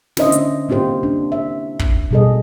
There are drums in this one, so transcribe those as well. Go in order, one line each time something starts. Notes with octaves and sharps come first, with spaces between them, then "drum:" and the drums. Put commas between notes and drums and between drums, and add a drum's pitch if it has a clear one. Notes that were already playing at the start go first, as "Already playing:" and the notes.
D3 C#4 D4 C5 D#5 E5, drum: snare
drum: hi-hat
A#3 C4 F4 G4 C5
D4
E5
drum: kick
B2 G3 G#4 A4 D#5